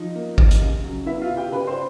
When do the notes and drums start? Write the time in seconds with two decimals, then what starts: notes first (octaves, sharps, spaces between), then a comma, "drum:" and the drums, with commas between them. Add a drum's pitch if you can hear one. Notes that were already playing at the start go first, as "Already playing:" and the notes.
Already playing: F3 D#4
0.15 A#3
0.38 C3, drum: kick G#1
0.51 drum: hi-hat
0.61 C#3
0.83 F#3
1.06 B3 E4 E5
1.21 F4 F5
1.30 C#3
1.37 G4 G5
1.52 C#3 B4 B5
1.67 C5 C6